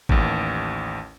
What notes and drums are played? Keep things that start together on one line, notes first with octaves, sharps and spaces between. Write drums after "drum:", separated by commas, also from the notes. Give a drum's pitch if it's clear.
A1 D#2, drum: kick G#1